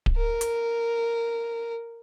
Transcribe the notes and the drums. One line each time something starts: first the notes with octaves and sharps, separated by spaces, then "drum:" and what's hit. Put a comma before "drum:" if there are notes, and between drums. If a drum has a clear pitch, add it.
drum: kick D1
A#4
drum: hi-hat